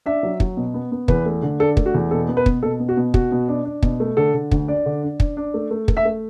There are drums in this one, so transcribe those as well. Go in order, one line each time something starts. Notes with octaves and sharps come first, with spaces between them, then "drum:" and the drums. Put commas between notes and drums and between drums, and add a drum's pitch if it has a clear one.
D4 E5
F#3
F#3, drum: kick
B2
B3
B3
E2 B4, drum: kick
A3
D3
D4 A4
A3, drum: kick
F#4
E2
B2 A4
B3
B4
B2, drum: kick
B2 A4
B3
F#4
B2
B2 F#4, drum: kick
B2
D4
D4
B2, drum: kick
A3
D3 A4
D3
D2, drum: kick
D4 D5
D3
D4
D4, drum: kick
D4
A3
A3
A3, drum: kick
E5
A3